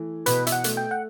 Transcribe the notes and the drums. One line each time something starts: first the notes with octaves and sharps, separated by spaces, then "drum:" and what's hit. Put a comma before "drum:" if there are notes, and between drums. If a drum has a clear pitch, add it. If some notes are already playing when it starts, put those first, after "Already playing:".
Already playing: E3 A3
B2 B4, drum: hi-hat
E5, drum: hi-hat
F#5
A3, drum: hi-hat
G5
F#5